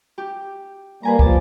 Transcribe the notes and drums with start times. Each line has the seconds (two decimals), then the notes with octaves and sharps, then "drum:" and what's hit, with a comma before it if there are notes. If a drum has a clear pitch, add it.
0.18 G4
1.03 G3 A#3 B4 G#5 A#5
1.19 F3 A5 D6, drum: kick